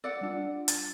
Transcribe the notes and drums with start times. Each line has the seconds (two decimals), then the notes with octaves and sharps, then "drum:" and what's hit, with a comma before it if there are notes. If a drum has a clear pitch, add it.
0.04 D5 F#5 D6 E6
0.21 G3 D4 F4
0.68 A6, drum: hi-hat